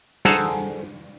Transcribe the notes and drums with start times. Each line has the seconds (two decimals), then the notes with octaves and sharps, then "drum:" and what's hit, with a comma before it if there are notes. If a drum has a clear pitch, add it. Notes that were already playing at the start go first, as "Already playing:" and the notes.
0.25 G#4 A4 C5 F#5 G#5 A#5, drum: snare